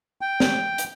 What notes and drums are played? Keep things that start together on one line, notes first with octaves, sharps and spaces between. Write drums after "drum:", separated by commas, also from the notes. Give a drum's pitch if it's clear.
G5
drum: snare
drum: hi-hat